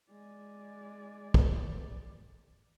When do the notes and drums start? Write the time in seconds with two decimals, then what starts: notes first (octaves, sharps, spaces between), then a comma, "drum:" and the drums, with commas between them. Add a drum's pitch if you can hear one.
0.11 G#3 D5
1.34 drum: kick